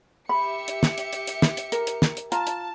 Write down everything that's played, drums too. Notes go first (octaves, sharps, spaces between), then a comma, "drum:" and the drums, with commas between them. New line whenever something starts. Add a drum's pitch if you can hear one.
G4 E5 B5 C#7
drum: hi-hat
drum: snare
drum: hi-hat
drum: hi-hat
drum: hi-hat
drum: snare
drum: hi-hat
A#4, drum: hi-hat
drum: hi-hat
drum: snare
drum: hi-hat
F4 A5 A#5, drum: hi-hat
drum: hi-hat